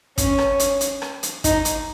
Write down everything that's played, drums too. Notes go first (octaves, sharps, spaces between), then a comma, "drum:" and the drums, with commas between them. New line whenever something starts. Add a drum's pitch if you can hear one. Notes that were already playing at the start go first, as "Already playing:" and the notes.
C#4, drum: kick, hi-hat
drum: rim click
drum: hi-hat
drum: hi-hat
drum: rim click
drum: hi-hat
D#4, drum: kick, hi-hat
drum: hi-hat